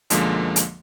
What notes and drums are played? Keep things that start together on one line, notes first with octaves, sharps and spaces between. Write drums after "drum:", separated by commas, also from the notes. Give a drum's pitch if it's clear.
B1 F#2 D3 F3 G#3 A#3, drum: hi-hat
drum: hi-hat